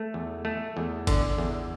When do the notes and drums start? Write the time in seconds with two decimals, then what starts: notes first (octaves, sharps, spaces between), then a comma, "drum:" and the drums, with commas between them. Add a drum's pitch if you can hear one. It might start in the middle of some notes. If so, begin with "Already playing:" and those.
Already playing: A3
0.14 E2
0.45 A3
0.77 E2
1.07 D3, drum: kick G1, cymbal
1.38 E2